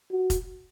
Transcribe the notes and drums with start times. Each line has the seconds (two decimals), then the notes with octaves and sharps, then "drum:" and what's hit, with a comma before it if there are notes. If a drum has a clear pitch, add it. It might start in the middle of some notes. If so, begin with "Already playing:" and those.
0.11 F#4
0.30 drum: kick F1, hi-hat